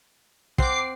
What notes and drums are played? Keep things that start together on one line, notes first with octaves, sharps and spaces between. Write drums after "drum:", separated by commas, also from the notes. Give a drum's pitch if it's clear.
C4 F#5 D6 C7, drum: kick